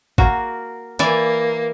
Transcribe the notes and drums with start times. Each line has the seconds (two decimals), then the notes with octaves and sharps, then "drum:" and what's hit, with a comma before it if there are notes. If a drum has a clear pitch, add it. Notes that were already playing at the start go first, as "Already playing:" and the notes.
0.18 A#3 F#4, drum: kick G#1
0.99 E3 A#3 D5 G#5, drum: hi-hat